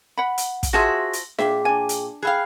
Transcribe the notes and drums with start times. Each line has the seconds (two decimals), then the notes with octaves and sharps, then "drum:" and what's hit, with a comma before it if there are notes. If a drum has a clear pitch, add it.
0.18 F#5 B5
0.38 drum: hi-hat
0.63 drum: kick, hi-hat
0.73 F4 F#4 G#4 C5 E5 A5 C6 A#6
1.13 drum: hi-hat
1.38 A#2 G#4 E5 G5 D6, drum: snare D4
1.65 D4 G#5
1.89 drum: hi-hat
2.23 G#4 E5 F5 G5 B5 F#6